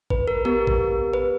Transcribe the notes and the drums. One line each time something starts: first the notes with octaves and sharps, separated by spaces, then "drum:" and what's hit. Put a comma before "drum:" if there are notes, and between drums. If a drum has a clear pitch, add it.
B4, drum: kick A1
A#4
B3 G4 A#4
drum: kick A1
B4